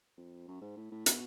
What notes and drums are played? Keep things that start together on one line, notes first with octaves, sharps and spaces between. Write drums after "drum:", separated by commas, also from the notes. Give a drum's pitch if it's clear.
F2
F#2
G#2
A2
A2
B2, drum: hi-hat